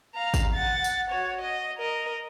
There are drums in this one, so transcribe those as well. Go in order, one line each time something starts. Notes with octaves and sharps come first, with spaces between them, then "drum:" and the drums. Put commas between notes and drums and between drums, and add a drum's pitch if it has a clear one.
F5 A#5
drum: kick G#1, tambourine
F#5 A6
drum: tambourine
F#4 C#5
D#5
A#4 D#5